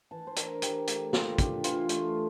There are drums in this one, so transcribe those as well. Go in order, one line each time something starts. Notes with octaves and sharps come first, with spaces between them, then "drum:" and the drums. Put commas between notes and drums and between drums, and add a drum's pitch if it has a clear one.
E3 A5
C5
D4 A#4, drum: hi-hat
E3 G4, drum: hi-hat
A3 G4, drum: hi-hat
E3 F4, drum: snare
D4 G4, drum: kick, hi-hat
E3 F4, drum: hi-hat
A3, drum: hi-hat